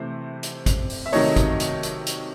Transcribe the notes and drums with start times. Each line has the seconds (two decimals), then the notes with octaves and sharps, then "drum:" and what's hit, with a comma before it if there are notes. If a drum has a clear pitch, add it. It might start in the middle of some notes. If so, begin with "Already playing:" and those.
Already playing: C3 E3 A3 C5
0.43 drum: hi-hat
0.66 drum: kick, hi-hat
0.90 drum: open hi-hat
1.06 E5
1.12 C3 D#3 F#3 A3 C#5 D#5, drum: open hi-hat
1.36 drum: kick, hi-hat
1.60 drum: hi-hat
1.83 drum: hi-hat
2.07 drum: hi-hat